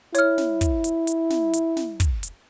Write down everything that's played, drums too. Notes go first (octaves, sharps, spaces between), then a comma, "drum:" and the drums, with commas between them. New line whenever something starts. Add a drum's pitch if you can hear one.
E4 C#5 F6, drum: hi-hat
drum: snare
drum: kick, hi-hat
drum: hi-hat
drum: hi-hat
drum: snare
drum: hi-hat
drum: snare
drum: kick, hi-hat
drum: hi-hat